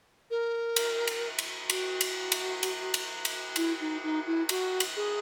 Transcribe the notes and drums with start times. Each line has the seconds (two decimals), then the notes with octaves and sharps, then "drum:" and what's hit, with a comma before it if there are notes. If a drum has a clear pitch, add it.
0.30 A#4
0.76 drum: cymbal
1.07 drum: cymbal
1.39 drum: cymbal
1.70 F#4, drum: cymbal
2.01 drum: cymbal
2.32 drum: cymbal
2.63 drum: cymbal
2.94 drum: cymbal
3.25 drum: cymbal
3.56 E4, drum: cymbal
3.80 D#4
4.03 D#4
4.26 E4
4.49 F#4, drum: cymbal
4.80 drum: cymbal
4.96 G#4